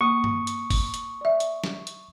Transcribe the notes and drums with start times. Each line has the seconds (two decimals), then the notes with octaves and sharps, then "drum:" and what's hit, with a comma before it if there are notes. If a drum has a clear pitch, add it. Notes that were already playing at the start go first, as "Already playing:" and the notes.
0.01 A#3 C#6 D#6
0.24 drum: tom G2
0.47 drum: hi-hat
0.70 drum: kick, open hi-hat
0.94 drum: hi-hat
1.21 D5 E5
1.40 drum: hi-hat
1.64 drum: snare
1.87 drum: hi-hat